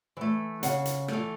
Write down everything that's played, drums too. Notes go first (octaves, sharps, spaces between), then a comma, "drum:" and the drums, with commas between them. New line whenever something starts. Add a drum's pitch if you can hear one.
E3 A3
C#3 F#5, drum: hi-hat
drum: hi-hat
E3 A3, drum: rim click